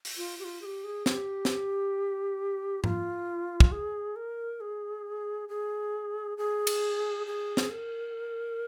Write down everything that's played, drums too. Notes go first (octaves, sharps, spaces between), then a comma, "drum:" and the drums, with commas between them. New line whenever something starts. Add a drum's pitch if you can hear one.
drum: open hi-hat
F4
G4
F4
G#4
G4
G#4
G#4, drum: snare
G4
drum: snare
F4, drum: tom G#2
drum: kick
G#4
A#4
G#4
G#4
G#4
drum: cymbal
G#4
drum: snare
A#4